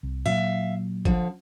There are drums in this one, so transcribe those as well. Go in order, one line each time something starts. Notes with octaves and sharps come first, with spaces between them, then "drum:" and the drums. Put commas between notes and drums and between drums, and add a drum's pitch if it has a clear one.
C2
A#2 F#3 A#3 E5 F5
D3 F3, drum: kick G#1